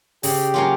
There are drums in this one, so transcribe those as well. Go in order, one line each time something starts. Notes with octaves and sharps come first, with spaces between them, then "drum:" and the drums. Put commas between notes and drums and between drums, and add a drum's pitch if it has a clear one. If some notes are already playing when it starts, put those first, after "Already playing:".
C#3 G4, drum: open hi-hat
F#3 A#3 C#4 F4